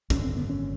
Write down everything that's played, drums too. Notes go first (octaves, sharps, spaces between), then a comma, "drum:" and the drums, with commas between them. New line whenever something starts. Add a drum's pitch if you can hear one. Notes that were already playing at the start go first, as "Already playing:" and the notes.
G#1 F#2 D3 C#4, drum: kick, hi-hat
C4
B3
C#4